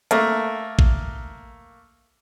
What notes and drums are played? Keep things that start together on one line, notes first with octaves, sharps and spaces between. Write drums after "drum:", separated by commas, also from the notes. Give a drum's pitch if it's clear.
A3 A#3, drum: hi-hat
drum: kick